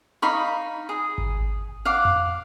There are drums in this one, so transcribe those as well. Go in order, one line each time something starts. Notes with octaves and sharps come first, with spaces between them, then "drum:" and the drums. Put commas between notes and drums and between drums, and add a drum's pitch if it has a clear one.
D#4 F5 B5 C#6
G#4
drum: kick G#1
F5 F#5 D6
drum: tom F2